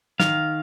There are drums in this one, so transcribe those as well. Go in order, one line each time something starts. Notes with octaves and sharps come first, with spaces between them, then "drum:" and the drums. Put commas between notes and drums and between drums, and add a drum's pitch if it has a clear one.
D#3 F5, drum: snare